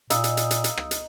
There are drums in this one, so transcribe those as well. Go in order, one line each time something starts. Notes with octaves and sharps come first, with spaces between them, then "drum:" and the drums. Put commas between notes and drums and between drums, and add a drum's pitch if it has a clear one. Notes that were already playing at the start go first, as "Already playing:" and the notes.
A#2 D#4 D#5 F5 E6, drum: hi-hat
drum: hi-hat
drum: hi-hat
drum: hi-hat
drum: hi-hat
drum: rim click
drum: hi-hat